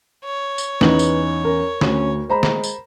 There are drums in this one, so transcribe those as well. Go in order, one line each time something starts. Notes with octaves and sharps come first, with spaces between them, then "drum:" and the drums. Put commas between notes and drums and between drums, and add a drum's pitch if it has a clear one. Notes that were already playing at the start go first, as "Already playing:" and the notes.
C#5
drum: tambourine
E2 C#4 D#4 B4 F#7, drum: snare
drum: tambourine
C#4 A#4
D2 C#4, drum: snare
G#3 C5 A#5 B5
drum: snare
drum: tambourine